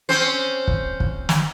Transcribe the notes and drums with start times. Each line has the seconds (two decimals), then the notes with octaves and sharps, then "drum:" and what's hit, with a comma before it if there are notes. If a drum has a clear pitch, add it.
0.09 C4 C#4 C5
0.68 drum: kick
1.00 drum: kick
1.29 drum: snare